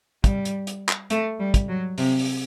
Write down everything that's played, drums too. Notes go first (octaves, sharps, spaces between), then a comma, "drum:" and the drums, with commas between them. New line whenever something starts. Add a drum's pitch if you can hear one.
G3, drum: kick, hi-hat
drum: hi-hat
drum: hi-hat
drum: clap
A3, drum: hi-hat
G3
drum: kick, hi-hat
F#3
C3, drum: open hi-hat
drum: open hi-hat